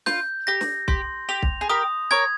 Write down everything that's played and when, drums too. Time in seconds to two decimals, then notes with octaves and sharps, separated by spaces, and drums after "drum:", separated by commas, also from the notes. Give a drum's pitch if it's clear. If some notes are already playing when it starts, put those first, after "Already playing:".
0.06 F4 G6, drum: snare
0.47 G4 A#6
0.61 drum: snare
0.88 G4 C6, drum: kick B1
1.29 G4 F7
1.42 drum: kick B1
1.61 G#4
1.69 G4 A#4 D#6
2.11 A#4 C#5 G#6